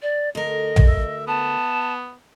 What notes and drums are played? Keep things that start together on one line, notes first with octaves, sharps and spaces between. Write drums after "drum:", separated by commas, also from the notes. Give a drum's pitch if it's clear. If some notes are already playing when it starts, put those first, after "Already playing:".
D5
D2 A#4 D#5
drum: tom B1
E5
B3 A5